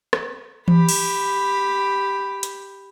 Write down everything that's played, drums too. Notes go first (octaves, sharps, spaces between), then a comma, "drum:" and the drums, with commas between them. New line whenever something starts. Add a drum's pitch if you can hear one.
drum: rim click
G4 B5, drum: tom E3
drum: cymbal
drum: hi-hat